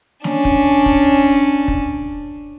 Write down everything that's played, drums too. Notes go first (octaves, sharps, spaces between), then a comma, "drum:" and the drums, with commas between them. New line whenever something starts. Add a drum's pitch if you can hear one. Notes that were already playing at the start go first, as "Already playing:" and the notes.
C#4 D4, drum: snare
drum: kick
drum: kick
drum: kick